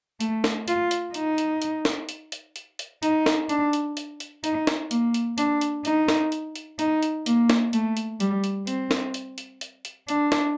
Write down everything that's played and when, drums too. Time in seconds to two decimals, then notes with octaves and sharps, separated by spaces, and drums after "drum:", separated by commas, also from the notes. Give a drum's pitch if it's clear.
0.20 A3, drum: hi-hat
0.44 drum: snare
0.68 F4, drum: hi-hat
0.91 drum: hi-hat
1.14 D#4, drum: hi-hat
1.38 drum: hi-hat
1.62 drum: hi-hat
1.85 drum: snare
2.09 drum: hi-hat
2.32 drum: hi-hat
2.56 drum: hi-hat
2.79 drum: hi-hat
3.03 D#4, drum: hi-hat
3.26 drum: snare
3.49 D4, drum: hi-hat
3.73 drum: hi-hat
3.97 drum: hi-hat
4.20 drum: hi-hat
4.44 D#4, drum: hi-hat
4.67 drum: snare
4.91 A#3, drum: hi-hat
5.14 drum: hi-hat
5.38 D4, drum: hi-hat
5.61 drum: hi-hat
5.85 D#4, drum: hi-hat
6.08 drum: snare
6.32 drum: hi-hat
6.55 drum: hi-hat
6.79 D#4, drum: hi-hat
7.03 drum: hi-hat
7.26 A#3, drum: hi-hat
7.50 drum: snare
7.73 A3, drum: hi-hat
7.97 drum: hi-hat
8.20 G3, drum: hi-hat
8.44 drum: hi-hat
8.67 C4, drum: hi-hat
8.91 drum: snare
9.14 drum: hi-hat
9.38 drum: hi-hat
9.61 drum: hi-hat
9.85 drum: hi-hat
10.08 D4, drum: hi-hat
10.32 drum: snare